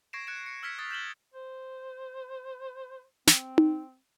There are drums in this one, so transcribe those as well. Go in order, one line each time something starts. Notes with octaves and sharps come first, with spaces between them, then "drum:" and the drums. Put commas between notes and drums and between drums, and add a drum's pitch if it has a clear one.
C#6 G#6 A#6 C7 D7 E7
F#6 G#6 C#7 D7 E7
C#7
E6 F6 G#6 B6 C#7 E7
D#6 A6
G6 E7 F#7 G7
C5
C4, drum: snare
drum: tom D#4